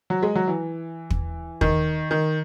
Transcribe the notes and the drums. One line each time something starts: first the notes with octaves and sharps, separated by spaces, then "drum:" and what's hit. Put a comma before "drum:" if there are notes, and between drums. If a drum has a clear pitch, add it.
F#3
G#3
F#3
E3
drum: kick
D#3, drum: kick
D#3